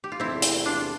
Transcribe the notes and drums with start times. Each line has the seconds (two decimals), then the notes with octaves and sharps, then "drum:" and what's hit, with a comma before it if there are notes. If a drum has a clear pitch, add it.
0.04 G4
0.12 F4
0.20 E2 C3 E3 A3 C4 E4
0.42 drum: hi-hat
0.66 D4 F4